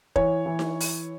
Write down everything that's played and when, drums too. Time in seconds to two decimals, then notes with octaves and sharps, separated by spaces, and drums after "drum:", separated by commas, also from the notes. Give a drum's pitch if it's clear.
0.16 E3 C#5, drum: kick F1
0.46 E3
0.59 drum: snare D#4
0.80 drum: open hi-hat